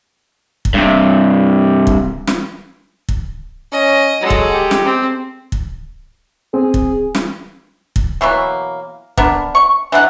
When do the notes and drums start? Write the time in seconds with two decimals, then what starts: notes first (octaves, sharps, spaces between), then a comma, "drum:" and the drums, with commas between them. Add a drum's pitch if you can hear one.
0.65 drum: kick
0.74 G2 C3
1.87 drum: kick
2.27 drum: snare
3.09 drum: kick
3.72 C#4 D#5
4.21 F#3 G#3 A4
4.30 drum: kick
4.53 G4
4.71 drum: snare
4.85 C4
5.52 drum: kick
6.54 C4 G#4
6.74 drum: kick
7.15 drum: snare
7.96 drum: kick
8.21 B2 E3 F#3 A#3
9.17 B3 D4 A#4, drum: kick
9.55 C#6
9.92 E3 D4 D#4 F#5